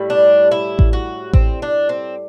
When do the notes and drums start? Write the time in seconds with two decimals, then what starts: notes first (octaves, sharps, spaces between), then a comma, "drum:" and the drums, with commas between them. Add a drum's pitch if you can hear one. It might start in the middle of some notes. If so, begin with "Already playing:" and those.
Already playing: A2 G3
0.10 D4
0.51 E4
0.79 drum: kick A1
0.93 F#4
1.33 C4, drum: kick A1
1.62 D4
1.89 C4